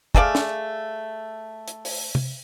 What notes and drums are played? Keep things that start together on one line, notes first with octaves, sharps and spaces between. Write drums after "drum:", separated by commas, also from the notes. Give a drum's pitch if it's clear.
A3 G#4 D5 F5, drum: kick
drum: snare
drum: hi-hat
drum: open hi-hat
drum: tom